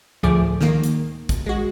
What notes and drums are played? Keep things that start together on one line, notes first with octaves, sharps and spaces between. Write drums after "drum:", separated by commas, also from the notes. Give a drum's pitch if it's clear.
D2 A2 F3 A3 G#4 D6
D#3 A#3, drum: snare
drum: hi-hat
drum: kick, hi-hat
G#3 F#4